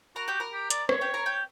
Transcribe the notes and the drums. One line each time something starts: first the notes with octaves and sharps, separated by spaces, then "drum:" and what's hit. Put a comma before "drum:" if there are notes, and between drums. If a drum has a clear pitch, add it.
F#4 A#4 A#5
G4 G5
A#4 A#5
G4
D5, drum: hi-hat
C#5, drum: rim click
G4 G5
A#4 A#5
G4 G5